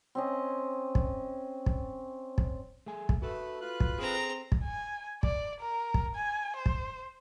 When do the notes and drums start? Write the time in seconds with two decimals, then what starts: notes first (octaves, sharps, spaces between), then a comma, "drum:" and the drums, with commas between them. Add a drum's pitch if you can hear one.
0.15 C4 C#4 D#5
0.95 drum: kick
1.66 drum: kick
2.38 drum: kick
2.86 A3 G#4 G#5
3.09 drum: kick
3.22 A3 F#4 A4 B4
3.61 F4 B4 F#6
3.80 drum: kick
3.99 C4 G#4 A4 A#5
4.52 drum: kick
4.65 G#5
5.23 D5, drum: kick
5.60 A#4
5.94 drum: kick
6.15 G#5
6.56 C5
6.66 drum: kick